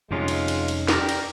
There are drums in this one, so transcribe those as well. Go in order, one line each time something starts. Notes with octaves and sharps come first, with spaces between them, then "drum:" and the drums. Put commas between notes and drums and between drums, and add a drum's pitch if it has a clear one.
F2 C3 G3 G#3 C#4 D#4 F4
drum: cymbal
drum: cymbal
drum: cymbal
G4 A#4 D5, drum: snare
drum: cymbal